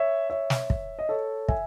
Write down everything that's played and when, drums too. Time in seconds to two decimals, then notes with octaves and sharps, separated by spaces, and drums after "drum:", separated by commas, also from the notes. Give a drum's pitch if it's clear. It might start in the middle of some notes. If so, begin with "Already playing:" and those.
Already playing: C#5 E5
0.30 C#5 E5
0.50 drum: snare
0.70 drum: kick
0.99 D#5
1.09 A4 C#5
1.48 E5 G#5, drum: kick